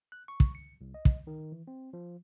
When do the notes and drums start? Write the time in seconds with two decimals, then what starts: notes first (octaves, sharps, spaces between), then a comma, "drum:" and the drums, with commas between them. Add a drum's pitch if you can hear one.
0.12 F#6
0.28 C#6
0.40 drum: kick
0.55 C#7
0.81 C2
0.94 D#5
1.05 drum: kick
1.27 D#3
1.52 E3
1.67 C4
1.93 F3